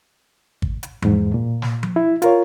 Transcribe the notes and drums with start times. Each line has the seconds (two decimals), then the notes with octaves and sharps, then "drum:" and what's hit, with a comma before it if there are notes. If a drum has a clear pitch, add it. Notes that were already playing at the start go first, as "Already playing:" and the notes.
0.62 drum: kick
0.83 drum: hi-hat
1.02 E2 G#2, drum: tom F3
1.34 A#2
1.62 drum: snare
1.83 drum: tom F3
1.96 E4
2.22 F4 A#4 C#5, drum: hi-hat